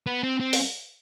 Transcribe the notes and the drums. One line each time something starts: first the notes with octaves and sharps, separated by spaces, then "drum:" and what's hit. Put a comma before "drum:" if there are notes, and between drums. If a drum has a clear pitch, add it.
B3
C4
C4
drum: open hi-hat